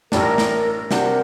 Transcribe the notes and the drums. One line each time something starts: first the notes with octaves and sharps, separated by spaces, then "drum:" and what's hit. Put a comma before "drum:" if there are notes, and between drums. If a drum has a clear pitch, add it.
A1 A2 G3 D4 A#4, drum: snare
drum: snare
C3 G3 D4 F#4 A#4, drum: snare